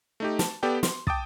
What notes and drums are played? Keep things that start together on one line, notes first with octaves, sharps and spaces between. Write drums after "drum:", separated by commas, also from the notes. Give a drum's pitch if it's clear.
A3 D#4 G4
A5, drum: snare
B3 G4 A4 D5 G5
C6, drum: snare
G5 A5 D6 D#6 A6, drum: kick